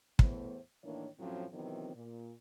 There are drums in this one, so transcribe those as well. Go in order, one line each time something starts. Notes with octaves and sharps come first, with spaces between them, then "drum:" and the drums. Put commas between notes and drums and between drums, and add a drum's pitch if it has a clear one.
E2 A2 E3 A3 B3 C5, drum: kick
A2 D#3 E3 A#3 D4 C#5
F#2 A2 F3 F#3 C4 C#4
C3 D#3 E3 F#3 B3 C4
A#2